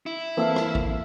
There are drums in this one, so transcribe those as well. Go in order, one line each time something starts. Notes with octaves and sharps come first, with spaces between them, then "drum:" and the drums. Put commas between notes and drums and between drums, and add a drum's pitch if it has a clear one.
E4
E3 A#3 C4 A4 E5 F5
drum: rim click
drum: kick A1